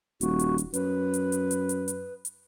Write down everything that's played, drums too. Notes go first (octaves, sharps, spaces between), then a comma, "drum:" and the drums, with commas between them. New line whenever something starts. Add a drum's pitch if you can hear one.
D#1 F#4, drum: hi-hat
drum: hi-hat
drum: hi-hat
F#2 B4, drum: hi-hat
drum: hi-hat
drum: hi-hat
drum: hi-hat
drum: hi-hat
drum: hi-hat
drum: hi-hat